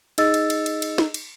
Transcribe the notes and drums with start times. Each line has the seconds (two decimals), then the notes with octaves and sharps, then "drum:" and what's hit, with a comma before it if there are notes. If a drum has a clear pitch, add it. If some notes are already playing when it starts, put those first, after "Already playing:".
0.18 D#4 G#4 D#5 E6 A6, drum: cymbal
0.34 drum: cymbal
0.50 drum: cymbal
0.66 drum: cymbal
0.82 drum: cymbal
0.98 drum: snare
1.14 drum: cymbal